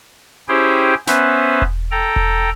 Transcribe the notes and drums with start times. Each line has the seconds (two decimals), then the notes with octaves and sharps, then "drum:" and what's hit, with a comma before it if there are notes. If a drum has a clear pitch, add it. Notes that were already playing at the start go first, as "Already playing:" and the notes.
0.49 C#4 E4 G4 G#4 C5 G5
1.07 B3 C#4 B4 C5 E5, drum: snare
1.62 drum: kick E1
1.91 A4 G5 A#5
2.16 drum: kick E1